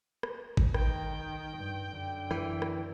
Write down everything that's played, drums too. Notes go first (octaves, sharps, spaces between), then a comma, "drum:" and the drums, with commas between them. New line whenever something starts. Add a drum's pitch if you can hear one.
drum: rim click
drum: kick
D#3 G5, drum: rim click
G2
F#2 D3
E3, drum: rim click
drum: rim click